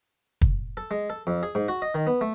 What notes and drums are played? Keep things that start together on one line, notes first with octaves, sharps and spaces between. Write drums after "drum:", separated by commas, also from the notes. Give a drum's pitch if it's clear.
drum: kick
A4
G#3
A4
F2
G#4
G#2
F#4
D#5
D#3
B3
A3